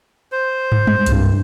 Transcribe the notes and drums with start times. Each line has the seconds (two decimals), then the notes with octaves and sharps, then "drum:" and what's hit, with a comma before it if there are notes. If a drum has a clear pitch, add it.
0.32 C5
0.72 drum: tom
0.87 drum: tom G3
1.06 C2 G2, drum: hi-hat